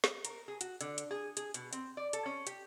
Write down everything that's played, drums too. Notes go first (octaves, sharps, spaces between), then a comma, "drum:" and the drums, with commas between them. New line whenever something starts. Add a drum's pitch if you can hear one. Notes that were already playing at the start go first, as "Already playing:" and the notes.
drum: snare
A#4, drum: hi-hat
G#4
F#4, drum: hi-hat
D3, drum: hi-hat
drum: hi-hat
G#4
G#4, drum: hi-hat
B2, drum: hi-hat
C4, drum: hi-hat
D5
A4, drum: hi-hat
C#4
G4, drum: hi-hat